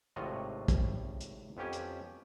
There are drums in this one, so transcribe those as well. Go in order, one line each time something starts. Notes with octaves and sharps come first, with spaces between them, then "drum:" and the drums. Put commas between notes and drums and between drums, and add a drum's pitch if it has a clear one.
G#1 A2 C3 F4 F#4 D#5
drum: kick, hi-hat
drum: hi-hat
F2 B3 C#4 G4 G#5
drum: hi-hat